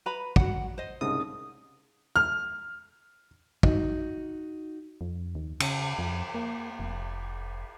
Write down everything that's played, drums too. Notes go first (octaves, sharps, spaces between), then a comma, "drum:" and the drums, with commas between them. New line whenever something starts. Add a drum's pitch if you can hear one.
B4 A#5 B5
F#4 F#5, drum: kick
C5 D#5
C2 G#2 C#3 D#6
F6
D#4 F#4, drum: kick
F2
D#2
C#3, drum: cymbal
F2
A#3
F1